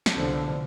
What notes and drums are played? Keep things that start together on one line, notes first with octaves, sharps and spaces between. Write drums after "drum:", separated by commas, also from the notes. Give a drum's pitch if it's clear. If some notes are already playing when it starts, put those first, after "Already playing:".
drum: snare
C2 B2 D3 F3